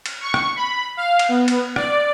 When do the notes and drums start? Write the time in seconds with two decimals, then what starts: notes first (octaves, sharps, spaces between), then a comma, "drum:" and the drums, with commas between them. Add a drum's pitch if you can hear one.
0.06 drum: cymbal
0.21 C#6
0.34 drum: rim click
0.56 B5
0.97 F5
1.19 drum: cymbal
1.29 B3
1.48 drum: cymbal
1.76 D5, drum: rim click